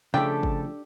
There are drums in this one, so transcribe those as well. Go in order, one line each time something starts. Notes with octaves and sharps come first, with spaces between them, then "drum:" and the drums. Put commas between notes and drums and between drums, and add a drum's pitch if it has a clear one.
C#3 F3 A3 D4 G4 A4 G5
drum: kick